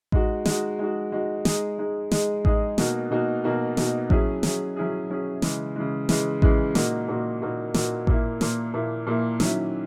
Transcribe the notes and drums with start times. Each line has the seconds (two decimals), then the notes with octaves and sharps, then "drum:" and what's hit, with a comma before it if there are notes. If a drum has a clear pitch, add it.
0.12 G#3 D#4 F#4, drum: kick A1
0.45 G#3 D#4 F#4, drum: snare
0.79 G#3 D#4 F#4
1.12 G#3 D#4 F#4
1.45 G#3 D#4 G#4, drum: snare
1.79 G#3 D#4 G#4
2.11 G#3 D#4 G#4, drum: snare
2.45 G#3 D#4 G#4, drum: kick A1
2.78 B2 A#3 D#4 F#4, drum: snare
3.11 B2 A#3 D#4 F#4
3.44 B2 A#3 D#4 F#4
3.77 B2 A#3 D#4 F#4, drum: snare
4.10 F#3 C#4 E4 G#4, drum: kick A1
4.43 F#3 C#4 E4 G#4, drum: snare
4.76 F#3 C#4 E4 G#4
5.10 F#3 C#4 E4 G#4
5.42 C#3 E3 G#3, drum: snare
5.76 C#3 E3 G#3
6.09 C#3 E3 G#3, drum: snare
6.42 C#3 E3 G#3, drum: kick A1
6.75 A#2 A#3 D#4 F#4, drum: snare
7.08 A#2 A#3 D#4 F#4
7.42 A#2 A#3 D#4 F#4
7.74 A#2 A#3 D#4 F#4, drum: snare
8.07 A#2 A#3 E4, drum: kick A1
8.41 A#2 A#3 E4, drum: snare
8.74 A#2 A#3 E4
9.07 A#2 A#3 E4
9.40 D#3 F#3 C#4 E4, drum: snare